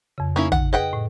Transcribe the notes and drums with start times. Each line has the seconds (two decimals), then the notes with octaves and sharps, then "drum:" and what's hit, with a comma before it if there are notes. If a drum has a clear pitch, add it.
0.18 F2 C#3
0.36 A#3 C#4 D#4 E4
0.52 F#5, drum: tom
0.73 G#4 B4 D#5 F#5 G5
0.93 A2